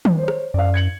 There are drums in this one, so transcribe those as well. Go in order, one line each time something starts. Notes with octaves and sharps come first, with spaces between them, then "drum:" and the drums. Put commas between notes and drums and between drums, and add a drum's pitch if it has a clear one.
drum: tom D#3
C5 C#5
drum: rim click
F#2 D5 F5
G#6 C#7 F#7